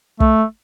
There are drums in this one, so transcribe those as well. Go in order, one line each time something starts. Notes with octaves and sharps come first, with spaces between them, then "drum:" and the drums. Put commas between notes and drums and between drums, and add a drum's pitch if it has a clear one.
A3, drum: kick